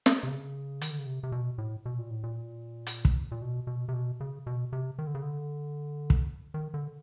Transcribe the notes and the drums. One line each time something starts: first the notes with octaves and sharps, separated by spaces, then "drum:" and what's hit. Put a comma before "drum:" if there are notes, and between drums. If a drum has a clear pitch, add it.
drum: snare
C3
C#3
D#3, drum: hi-hat
D3
C#3
C3
C3
B2
A2
B2
A#2
A2
A#2
drum: hi-hat
drum: kick
A#2
B2
B2
C3
B2
C#3
B2
C3
D#3
D3
C#3
D3
drum: kick
D#3
D3